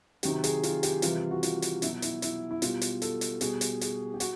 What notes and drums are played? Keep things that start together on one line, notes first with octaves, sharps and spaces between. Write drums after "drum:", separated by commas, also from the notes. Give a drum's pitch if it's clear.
C3 D#3 F#3 G4, drum: hi-hat
G#4, drum: hi-hat
F4, drum: hi-hat
G4, drum: hi-hat
C3 E3 G3 F4, drum: hi-hat
F#4
F4, drum: hi-hat
drum: hi-hat
B2 F#3 E4, drum: hi-hat
E4, drum: hi-hat
E4, drum: hi-hat
E4
B2 G3 F4, drum: hi-hat
drum: hi-hat
A4, drum: hi-hat
drum: hi-hat
B2 G3 G#4, drum: hi-hat
drum: hi-hat
G#4, drum: hi-hat
G4
F#4, drum: hi-hat